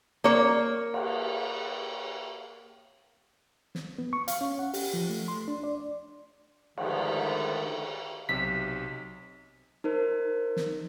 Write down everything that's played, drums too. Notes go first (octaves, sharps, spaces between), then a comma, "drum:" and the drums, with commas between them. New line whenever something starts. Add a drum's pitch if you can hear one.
A#3 C#5
drum: cymbal
drum: snare
B3
C#6
F5, drum: hi-hat
C#4
F#5
G4, drum: open hi-hat
F3
A3
C6
D4
D5
G#2 D3 D#3 F3 A3, drum: cymbal
B1 C3 B6
D#4 A#4 C5
drum: snare